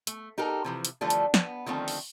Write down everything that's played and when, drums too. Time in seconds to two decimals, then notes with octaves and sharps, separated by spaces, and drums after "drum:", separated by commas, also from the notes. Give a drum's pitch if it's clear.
0.07 A3, drum: hi-hat
0.38 D#4 G4 A4 A#4
0.64 C3 E3 F3
0.85 drum: hi-hat
1.01 D3 E3 F3 G3 A3 D4
1.10 drum: hi-hat
1.34 B3, drum: snare
1.66 D3 D#3 F3 A3 C4
1.88 drum: open hi-hat